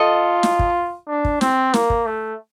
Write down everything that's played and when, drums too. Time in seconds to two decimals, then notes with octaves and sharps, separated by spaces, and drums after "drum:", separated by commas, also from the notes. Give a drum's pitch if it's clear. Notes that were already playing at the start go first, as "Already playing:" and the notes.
Already playing: F4 A4 D#5
0.43 drum: snare
0.59 drum: kick
1.08 D4
1.25 drum: kick
1.41 C4, drum: snare
1.74 A#3, drum: snare
1.90 drum: kick
2.06 A3